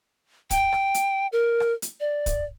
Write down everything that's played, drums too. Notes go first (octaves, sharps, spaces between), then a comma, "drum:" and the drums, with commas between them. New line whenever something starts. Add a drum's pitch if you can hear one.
G5, drum: kick, hi-hat
drum: rim click
drum: hi-hat
A#4
drum: rim click
drum: hi-hat
D5
drum: kick, hi-hat